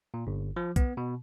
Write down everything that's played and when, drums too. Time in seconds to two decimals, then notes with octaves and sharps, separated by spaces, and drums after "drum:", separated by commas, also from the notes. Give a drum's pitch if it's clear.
0.14 A#2
0.27 G1
0.56 F3
0.76 B3, drum: kick, hi-hat
0.97 B2